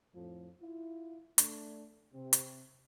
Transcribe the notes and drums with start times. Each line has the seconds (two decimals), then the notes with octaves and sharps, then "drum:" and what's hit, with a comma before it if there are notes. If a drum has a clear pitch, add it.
0.15 F2 A2 F3
0.62 E4 F4
1.38 A3 D4, drum: hi-hat
2.14 C3 C4
2.33 drum: hi-hat